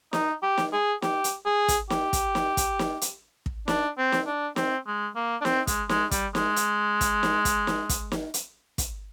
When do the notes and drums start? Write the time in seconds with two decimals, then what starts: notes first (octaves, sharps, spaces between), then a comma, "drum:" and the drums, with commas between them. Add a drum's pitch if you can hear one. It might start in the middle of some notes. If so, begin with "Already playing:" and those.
0.13 D#4, drum: snare
0.43 G4
0.58 drum: snare
0.73 G#4
1.02 G4, drum: snare
1.24 drum: hi-hat
1.46 G#4
1.68 drum: kick, hi-hat
1.90 G4, drum: snare
2.13 drum: kick, hi-hat
2.35 drum: snare
2.57 drum: kick, hi-hat
2.79 drum: snare
3.01 drum: hi-hat
3.46 drum: kick
3.68 D4, drum: snare
3.98 C4
4.12 drum: snare
4.27 D4
4.56 C4, drum: snare
4.87 G#3
5.15 A#3
5.41 D4
5.45 C4, drum: snare
5.67 G#3, drum: kick, hi-hat
5.89 G#3, drum: snare
6.11 G3, drum: kick, hi-hat
6.35 G#3, drum: snare
6.56 drum: hi-hat
7.01 drum: kick, hi-hat
7.23 drum: snare
7.45 drum: kick, hi-hat
7.67 drum: snare
7.89 drum: kick, hi-hat
8.12 drum: snare
8.34 drum: hi-hat
8.78 drum: kick, hi-hat